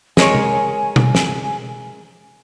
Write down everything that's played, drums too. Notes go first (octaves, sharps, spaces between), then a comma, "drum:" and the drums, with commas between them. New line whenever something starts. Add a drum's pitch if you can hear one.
G#3 A#4 C#5 G#5, drum: snare
drum: tom C3
drum: tom B2
drum: snare